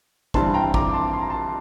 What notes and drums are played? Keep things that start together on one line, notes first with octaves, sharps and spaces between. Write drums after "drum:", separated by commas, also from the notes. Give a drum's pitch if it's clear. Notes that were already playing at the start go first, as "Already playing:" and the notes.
G2 E3 G3 C4 A5 C6, drum: kick
G5 A#5
A#5 D6, drum: kick
D6
A5 C6
C6
A#5
A5 C6